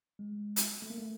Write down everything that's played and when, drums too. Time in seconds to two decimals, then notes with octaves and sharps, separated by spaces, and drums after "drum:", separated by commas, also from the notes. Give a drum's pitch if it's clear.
0.19 G#3
0.56 drum: hi-hat
0.82 A3
0.90 A#3
0.98 A3